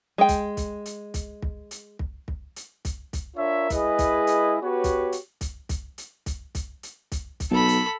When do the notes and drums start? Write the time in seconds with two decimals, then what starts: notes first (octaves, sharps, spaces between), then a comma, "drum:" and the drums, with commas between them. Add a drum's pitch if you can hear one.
0.18 G#3 G5
0.29 drum: kick, hi-hat
0.57 drum: kick, hi-hat
0.86 drum: hi-hat
1.14 drum: kick, hi-hat
1.42 drum: kick
1.71 drum: hi-hat
1.99 drum: kick
2.28 drum: kick
2.56 drum: hi-hat
2.85 drum: kick, hi-hat
3.13 drum: kick, hi-hat
3.36 D4 F4 A#4 C#5 E5
3.70 G#3 E4 G#4 B4 D#5, drum: kick, hi-hat
3.99 drum: kick, hi-hat
4.27 drum: hi-hat
4.62 B3 F#4 G4 B4 C#5
4.84 drum: kick, hi-hat
5.12 drum: hi-hat
5.41 drum: kick, hi-hat
5.69 drum: kick, hi-hat
5.98 drum: hi-hat
6.26 drum: kick, hi-hat
6.55 drum: kick, hi-hat
6.83 drum: hi-hat
7.12 drum: kick, hi-hat
7.40 drum: kick, hi-hat
7.51 B1 A4 B5
7.69 drum: hi-hat